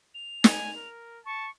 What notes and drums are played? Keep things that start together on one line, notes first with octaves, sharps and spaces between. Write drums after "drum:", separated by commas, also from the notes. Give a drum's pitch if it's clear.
F7
G#5, drum: snare
A#4
A5 C#6